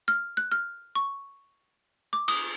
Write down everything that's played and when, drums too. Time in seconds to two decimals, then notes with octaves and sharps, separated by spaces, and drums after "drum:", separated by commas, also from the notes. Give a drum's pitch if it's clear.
0.08 F6
0.37 F#6
0.52 F6
0.95 C#6
2.13 D6
2.28 D#6, drum: cymbal